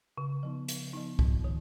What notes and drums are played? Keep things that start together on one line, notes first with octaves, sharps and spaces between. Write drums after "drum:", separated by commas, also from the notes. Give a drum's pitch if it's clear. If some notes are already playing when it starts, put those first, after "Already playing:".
C#3
F3 B3 D#4
C#3, drum: hi-hat
F3 B3 D#4
G#2, drum: kick C2
D#3